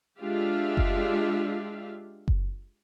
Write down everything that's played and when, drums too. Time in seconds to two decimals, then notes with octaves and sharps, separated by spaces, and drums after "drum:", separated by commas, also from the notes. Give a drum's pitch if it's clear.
0.21 G#3 D4 F4 G4 E5 F5
0.77 drum: kick F#1
2.28 drum: kick F#1